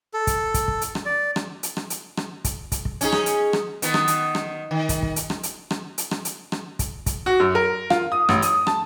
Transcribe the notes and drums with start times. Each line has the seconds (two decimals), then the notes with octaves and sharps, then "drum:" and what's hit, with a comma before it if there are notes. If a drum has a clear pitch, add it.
0.14 A4
0.27 drum: kick, hi-hat
0.54 drum: kick, hi-hat
0.68 drum: kick
0.81 drum: hi-hat
0.95 drum: rim click
1.05 D5
1.36 drum: rim click
1.63 drum: hi-hat
1.77 drum: rim click
1.90 drum: hi-hat
2.17 drum: rim click
2.44 drum: kick, hi-hat
2.72 drum: kick, hi-hat
2.85 drum: kick
3.01 C#4 D#4 G#4, drum: hi-hat
3.12 drum: rim click
3.26 drum: hi-hat
3.53 drum: rim click
3.82 D#3 B3, drum: hi-hat
3.94 drum: rim click
4.08 drum: hi-hat
4.35 drum: rim click
4.71 D#3
4.89 drum: kick, hi-hat
5.03 drum: kick
5.16 drum: hi-hat
5.30 drum: rim click
5.43 drum: hi-hat
5.71 drum: rim click
5.98 drum: hi-hat
6.11 drum: rim click
6.25 drum: hi-hat
6.52 drum: rim click
6.79 drum: kick, hi-hat
7.06 drum: kick, hi-hat
7.26 F#4
7.40 F#2
7.55 A#4
7.90 F4, drum: rim click
8.12 D#6
8.29 A1, drum: rim click
8.42 D#6, drum: hi-hat
8.67 A5, drum: rim click